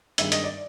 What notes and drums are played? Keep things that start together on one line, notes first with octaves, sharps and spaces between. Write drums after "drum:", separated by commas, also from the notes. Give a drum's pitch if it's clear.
G2 D#3 G#3 E5, drum: hi-hat
D#5, drum: hi-hat
D5